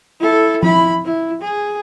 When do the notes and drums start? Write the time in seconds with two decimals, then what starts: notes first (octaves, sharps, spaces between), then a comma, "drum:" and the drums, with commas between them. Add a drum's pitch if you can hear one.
0.20 E4 A4
0.63 E4 B5, drum: tom F3
1.05 E4
1.41 G#4